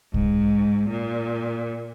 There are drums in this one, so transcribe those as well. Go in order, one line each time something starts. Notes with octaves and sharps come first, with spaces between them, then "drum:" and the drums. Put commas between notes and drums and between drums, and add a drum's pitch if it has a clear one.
G#2, drum: kick
A#2